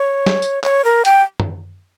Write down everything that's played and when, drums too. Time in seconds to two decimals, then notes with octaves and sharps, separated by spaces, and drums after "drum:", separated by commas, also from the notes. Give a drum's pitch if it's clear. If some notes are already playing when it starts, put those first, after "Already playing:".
Already playing: C#5
0.26 drum: snare
0.42 drum: tambourine
0.64 C#5, drum: clap
0.85 A#4
1.05 G5, drum: hi-hat
1.40 drum: tom